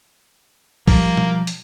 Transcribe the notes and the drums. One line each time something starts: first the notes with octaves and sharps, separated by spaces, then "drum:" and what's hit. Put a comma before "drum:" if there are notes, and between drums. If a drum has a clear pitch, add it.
F3 G3 A#3, drum: kick, open hi-hat
drum: tom B2
drum: hi-hat